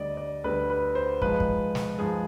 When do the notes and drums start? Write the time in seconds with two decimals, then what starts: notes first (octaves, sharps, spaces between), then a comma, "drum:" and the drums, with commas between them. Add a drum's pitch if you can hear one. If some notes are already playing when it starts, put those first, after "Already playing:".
Already playing: D2 D3 G3 D5 D#5
0.17 D5
0.44 D2 D3 G3 B4
0.70 B4
0.95 C5
1.22 G#2 F3 G#3 B4, drum: kick
1.40 drum: kick
1.75 drum: snare
1.99 G#2 F3 G#3 G#4